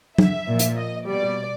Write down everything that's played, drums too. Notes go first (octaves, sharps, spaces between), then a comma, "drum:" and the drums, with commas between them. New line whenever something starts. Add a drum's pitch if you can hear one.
E5, drum: tom
A#2 F3
drum: hi-hat
D#5
B2 G3 D5